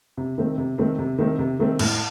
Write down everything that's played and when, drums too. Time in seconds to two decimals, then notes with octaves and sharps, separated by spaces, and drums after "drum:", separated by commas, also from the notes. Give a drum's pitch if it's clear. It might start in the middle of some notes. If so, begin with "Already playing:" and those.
0.17 C3
0.38 D#3 A3 C4
0.58 C3
0.78 D#3 A3 C4
0.98 C3
1.18 D#3 A3 C4
1.39 C3
1.59 D#3 A3 C4
1.79 A2, drum: cymbal